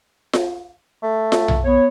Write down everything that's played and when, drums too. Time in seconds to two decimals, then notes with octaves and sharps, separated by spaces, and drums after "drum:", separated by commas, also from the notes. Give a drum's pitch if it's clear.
0.33 drum: snare F4
1.03 A3
1.32 drum: snare F4
1.48 drum: tom B1
1.65 B3 C#5